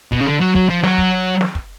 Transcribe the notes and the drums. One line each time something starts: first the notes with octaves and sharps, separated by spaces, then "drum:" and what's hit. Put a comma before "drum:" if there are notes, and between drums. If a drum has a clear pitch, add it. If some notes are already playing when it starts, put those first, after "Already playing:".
B2, drum: kick
C#3
D3
F#3
F#3, drum: kick
F3
F#3, drum: snare
drum: kick
drum: snare
drum: kick